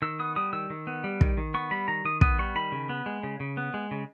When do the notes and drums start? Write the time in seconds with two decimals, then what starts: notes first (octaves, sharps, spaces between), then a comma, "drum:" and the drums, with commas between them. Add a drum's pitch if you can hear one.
0.02 D#3 E6
0.19 B3 D#6
0.36 G3 D#6
0.53 D#3 E6
0.70 D#3
0.87 B3
1.04 G3
1.21 D#3, drum: kick
1.37 D#3
1.54 B3 C#6
1.71 G3 B5
1.88 D#3 A#5
2.05 D#3 D#6
2.21 B3 D#6, drum: kick
2.39 G3 C#6
2.55 D#3 B5
2.72 C#3
2.89 B3
3.06 G#3
3.23 C#3
3.40 C#3
3.57 B3
3.74 G#3
3.91 C#3